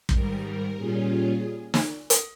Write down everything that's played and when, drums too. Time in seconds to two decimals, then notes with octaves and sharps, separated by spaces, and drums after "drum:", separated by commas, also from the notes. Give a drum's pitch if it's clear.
0.09 G#2 D#3 G3 A#4, drum: kick
0.44 A#4
0.76 A#2 G3 C#4 F4 G#4
1.11 G#4
1.74 drum: snare
2.10 drum: hi-hat